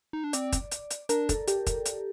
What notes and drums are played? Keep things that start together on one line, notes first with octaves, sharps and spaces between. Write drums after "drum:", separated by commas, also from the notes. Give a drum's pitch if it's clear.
D#4
D4
C4 D5, drum: hi-hat
drum: kick, hi-hat
drum: hi-hat
drum: hi-hat
D4 A#4, drum: hi-hat
A4, drum: kick, hi-hat
G4, drum: hi-hat
drum: kick, hi-hat
drum: hi-hat